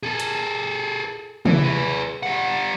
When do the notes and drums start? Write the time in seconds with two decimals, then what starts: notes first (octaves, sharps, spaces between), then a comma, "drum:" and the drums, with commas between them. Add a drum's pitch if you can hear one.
0.03 G#4 A4
0.20 drum: hi-hat
1.45 E3, drum: tom
1.64 G#4 B4
2.23 G3 F#5